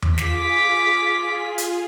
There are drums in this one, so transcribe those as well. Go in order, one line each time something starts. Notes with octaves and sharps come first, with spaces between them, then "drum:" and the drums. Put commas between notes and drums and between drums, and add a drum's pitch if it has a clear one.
drum: tom E2
F4 G#4 D6 B6, drum: snare
drum: hi-hat